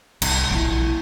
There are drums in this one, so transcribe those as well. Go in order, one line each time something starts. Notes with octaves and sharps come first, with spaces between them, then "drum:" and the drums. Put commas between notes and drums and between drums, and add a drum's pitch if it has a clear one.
C2, drum: cymbal
A#1 E4